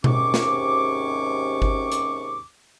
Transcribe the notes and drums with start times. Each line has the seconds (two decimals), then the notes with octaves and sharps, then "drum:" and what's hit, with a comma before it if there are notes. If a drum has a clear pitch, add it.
0.04 D#2 G#2 C3 C#4 C#6 D6, drum: tom B2
0.34 drum: snare
1.62 drum: kick G1
1.92 drum: hi-hat